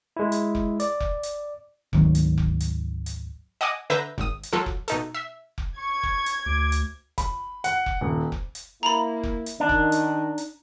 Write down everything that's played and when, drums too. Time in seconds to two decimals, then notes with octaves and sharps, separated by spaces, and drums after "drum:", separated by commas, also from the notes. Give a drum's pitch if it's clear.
0.17 G#3 E4
0.32 drum: hi-hat
0.55 drum: kick F1
0.80 D5, drum: hi-hat
1.00 drum: kick F1
1.23 drum: hi-hat
1.93 G#1 D2 D#3 F#3, drum: kick F1
2.15 drum: hi-hat
2.38 drum: kick F1
2.60 drum: hi-hat
3.06 drum: hi-hat
3.61 D#5 F#5 G#5 D6 D#6
3.90 D3 B4 E5 A#5 G6 A#6
4.18 G#1 D#6, drum: kick F1
4.43 drum: hi-hat
4.53 F#3 F4 A4
4.66 drum: kick F1
4.88 B2 D#4 A4, drum: hi-hat
5.14 E5
5.58 drum: kick F1
5.77 C#6 G#6
6.03 drum: kick F1
6.26 drum: hi-hat
6.46 D2 D6
6.72 drum: hi-hat
7.18 B5, drum: kick F1, hi-hat
7.64 F#5, drum: hi-hat
7.86 drum: kick F1
8.01 D#1
8.32 drum: kick F1
8.55 drum: hi-hat
8.83 A#3 E4 A#5 B5
9.23 drum: kick F1
9.46 drum: hi-hat
9.60 D#3 D4 D#4
9.69 drum: kick F1
9.92 drum: hi-hat
10.38 drum: hi-hat